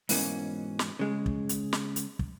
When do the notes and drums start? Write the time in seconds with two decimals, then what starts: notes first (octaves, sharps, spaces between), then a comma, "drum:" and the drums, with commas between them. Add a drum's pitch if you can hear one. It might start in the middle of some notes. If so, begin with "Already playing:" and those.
0.09 G#2 B2 E3 A#3 B3 C#4, drum: open hi-hat
0.79 drum: snare
0.99 C#3 G#3
1.26 drum: kick
1.49 drum: hi-hat
1.73 drum: snare
1.96 drum: hi-hat
2.19 drum: kick